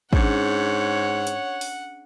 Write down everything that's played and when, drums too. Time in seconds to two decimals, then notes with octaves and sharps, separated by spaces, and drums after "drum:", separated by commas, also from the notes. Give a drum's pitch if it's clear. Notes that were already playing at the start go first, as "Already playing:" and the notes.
0.13 G#2 C#4 D4 G#4 C#5 F#5, drum: kick
1.27 drum: hi-hat
1.61 drum: open hi-hat